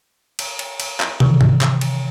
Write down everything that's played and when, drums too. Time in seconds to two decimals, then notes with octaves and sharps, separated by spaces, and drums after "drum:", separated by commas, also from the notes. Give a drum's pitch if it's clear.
0.39 drum: cymbal
0.59 drum: cymbal
0.80 drum: cymbal
1.00 drum: clap
1.20 C3 D#3 E3, drum: tom
1.41 drum: tom G#2
1.61 drum: clap
1.81 drum: cymbal